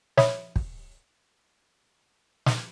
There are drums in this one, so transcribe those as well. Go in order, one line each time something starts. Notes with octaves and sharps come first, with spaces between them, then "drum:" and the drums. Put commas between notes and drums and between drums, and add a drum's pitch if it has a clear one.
C#5 E5 B5 D#6, drum: snare
drum: kick
drum: snare